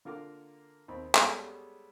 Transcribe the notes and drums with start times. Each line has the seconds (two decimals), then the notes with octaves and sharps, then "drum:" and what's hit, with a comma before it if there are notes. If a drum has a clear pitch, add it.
0.05 D3 A#3 F4 A#4 F#5 D6
0.88 D#2 C4 B5
1.15 G3 G#3 B3 C#4 G4 A4, drum: clap